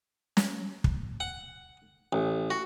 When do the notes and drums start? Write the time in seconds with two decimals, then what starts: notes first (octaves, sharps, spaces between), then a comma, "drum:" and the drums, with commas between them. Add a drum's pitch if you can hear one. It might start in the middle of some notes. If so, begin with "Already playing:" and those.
0.37 drum: snare
0.84 drum: kick
1.20 F#5
2.13 A1
2.50 F#4